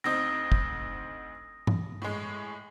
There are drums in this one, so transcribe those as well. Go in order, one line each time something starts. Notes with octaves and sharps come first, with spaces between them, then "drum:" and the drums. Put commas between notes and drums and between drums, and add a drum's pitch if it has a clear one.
D2 C4 D#4 D#6 A#6
drum: kick
drum: tom G2
A2 G#3